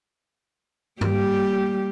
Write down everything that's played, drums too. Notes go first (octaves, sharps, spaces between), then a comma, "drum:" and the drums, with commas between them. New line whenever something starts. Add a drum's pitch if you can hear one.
G3 A#3 G4, drum: tom G2